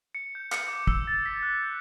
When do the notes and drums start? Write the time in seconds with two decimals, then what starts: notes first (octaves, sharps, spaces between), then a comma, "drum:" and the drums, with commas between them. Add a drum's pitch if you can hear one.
0.15 C#7
0.35 G6
0.52 C#7, drum: clap
0.68 D6
0.87 E6, drum: kick
1.07 A6
1.26 B6
1.43 F#6
1.62 G6